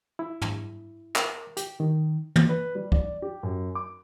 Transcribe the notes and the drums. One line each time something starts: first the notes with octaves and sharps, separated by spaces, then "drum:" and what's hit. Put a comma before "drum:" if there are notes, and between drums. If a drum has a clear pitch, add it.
E4
drum: tom
A#4, drum: clap
G4, drum: hi-hat
D#3
drum: tom
B4
G3
D5, drum: kick
G4
F#2
D6